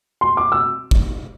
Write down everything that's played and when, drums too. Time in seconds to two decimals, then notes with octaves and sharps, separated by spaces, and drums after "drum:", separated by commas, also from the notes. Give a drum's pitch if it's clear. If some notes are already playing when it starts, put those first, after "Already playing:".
0.21 C6
0.37 D6
0.52 E6
0.91 drum: kick